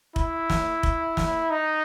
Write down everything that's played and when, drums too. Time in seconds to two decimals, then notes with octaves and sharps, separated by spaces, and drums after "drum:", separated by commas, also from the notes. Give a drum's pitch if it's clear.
0.16 E4, drum: kick F1
0.50 drum: snare
0.83 drum: kick F1
1.17 drum: snare
1.51 D#4